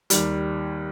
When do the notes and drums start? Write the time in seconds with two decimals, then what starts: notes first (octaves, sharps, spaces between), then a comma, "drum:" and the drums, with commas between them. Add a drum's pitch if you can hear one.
0.10 D#2 D#3 G3, drum: hi-hat